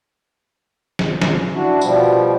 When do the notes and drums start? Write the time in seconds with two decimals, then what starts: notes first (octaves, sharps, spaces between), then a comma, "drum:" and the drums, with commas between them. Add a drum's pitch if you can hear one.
0.99 drum: snare
1.22 drum: snare
1.54 D4 E4 F#4
1.81 B2 F3 G3, drum: tambourine